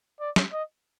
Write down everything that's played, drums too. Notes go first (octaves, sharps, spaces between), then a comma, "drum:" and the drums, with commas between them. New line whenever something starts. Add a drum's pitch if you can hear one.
D5
drum: snare
D#5